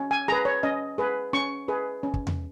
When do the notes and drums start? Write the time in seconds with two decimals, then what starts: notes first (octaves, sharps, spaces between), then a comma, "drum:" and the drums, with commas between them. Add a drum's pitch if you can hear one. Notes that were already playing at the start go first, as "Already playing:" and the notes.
Already playing: C#4
0.11 G#5
0.28 G#4 B4 A#5
0.45 C#5
0.63 C#4 D#5
0.98 G#4 B4
1.33 C#4 C#6
1.68 G#4 B4
2.03 C#4
2.14 drum: kick
2.27 drum: tom E2